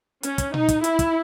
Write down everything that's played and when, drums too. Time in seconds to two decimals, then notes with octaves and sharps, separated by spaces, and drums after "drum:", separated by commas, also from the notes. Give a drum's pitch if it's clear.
0.23 C#4, drum: hi-hat
0.38 drum: kick, hi-hat
0.54 D#4, drum: tom A#2
0.69 drum: kick, hi-hat
0.84 E4, drum: hi-hat
0.99 drum: kick, hi-hat